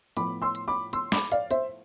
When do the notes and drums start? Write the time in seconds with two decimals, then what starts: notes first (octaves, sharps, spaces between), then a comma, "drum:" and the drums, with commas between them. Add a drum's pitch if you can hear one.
0.17 A2 F3 B3 B5 D6, drum: hi-hat
0.42 C6 E6
0.55 drum: hi-hat
0.68 B5 D6
0.93 C6 E6, drum: hi-hat
1.12 B5 D6, drum: snare
1.32 D5 F5, drum: hi-hat
1.51 C5 E5, drum: hi-hat